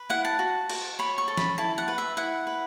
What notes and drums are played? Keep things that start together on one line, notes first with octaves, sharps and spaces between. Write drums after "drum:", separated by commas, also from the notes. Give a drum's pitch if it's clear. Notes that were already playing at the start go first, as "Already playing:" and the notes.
Already playing: B4
E4 F#5
A5
F#4
F#4, drum: cymbal
C#5 B5
C#6
A4
B5, drum: snare
E4 A5
F#5
B4
E5
E4 F#5
B4